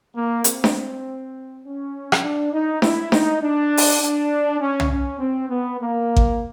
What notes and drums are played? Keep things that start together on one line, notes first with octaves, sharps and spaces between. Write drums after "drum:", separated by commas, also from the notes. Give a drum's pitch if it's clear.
A#3
C4, drum: hi-hat
drum: snare D4
C#4
drum: rim click
D4
D#4
E4, drum: snare D4
D#4, drum: snare D4
D4
drum: open hi-hat
D4
C#4
drum: tom
C#4
C4
B3
A#3
drum: kick G#1